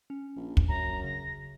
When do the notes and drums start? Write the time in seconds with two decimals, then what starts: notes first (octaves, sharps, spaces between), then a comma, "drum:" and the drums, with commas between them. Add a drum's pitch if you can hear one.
0.10 C#4
0.36 A#1
0.57 drum: kick
0.69 F#2 A#5
1.03 C#3 A#6